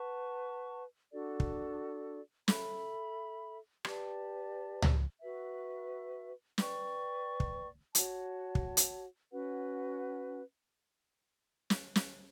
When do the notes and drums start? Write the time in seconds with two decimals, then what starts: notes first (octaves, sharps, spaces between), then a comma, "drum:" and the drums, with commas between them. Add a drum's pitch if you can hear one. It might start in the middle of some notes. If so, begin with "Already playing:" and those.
Already playing: B4 F#5 A5 C#6
1.12 D4 F#4 A4 D5
1.40 drum: kick
2.48 A4 E5 B5, drum: snare
3.85 G4 B4 D5 A5, drum: rim click
4.82 drum: tom C#2
5.22 F#4 B4 E5
6.58 B4 D5 G5 C#6, drum: snare
7.40 drum: kick
7.95 F#4 C#5 F#5 A5, drum: hi-hat
8.55 drum: kick
8.77 drum: hi-hat
9.32 C#4 F#4 B4 F#5
11.70 drum: snare
11.96 drum: snare